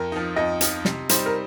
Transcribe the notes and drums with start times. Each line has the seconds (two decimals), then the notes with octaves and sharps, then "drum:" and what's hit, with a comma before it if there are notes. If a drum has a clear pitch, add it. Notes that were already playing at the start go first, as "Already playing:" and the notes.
Already playing: F2 A#4
0.12 F3 D#4
0.36 F2 D#5
0.61 F3 D#4, drum: hi-hat
0.85 C3, drum: snare
1.09 G3 D#4 C5, drum: hi-hat
1.26 A#4